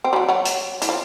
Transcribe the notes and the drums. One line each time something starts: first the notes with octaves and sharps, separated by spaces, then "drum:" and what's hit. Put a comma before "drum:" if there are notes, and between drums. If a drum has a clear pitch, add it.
C4
G3
F#3
F#3
drum: hi-hat
E3, drum: hi-hat
F3